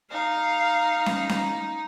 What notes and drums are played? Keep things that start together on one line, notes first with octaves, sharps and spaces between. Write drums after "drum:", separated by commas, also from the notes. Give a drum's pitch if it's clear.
D#4 F5
drum: snare C#4
drum: snare C#4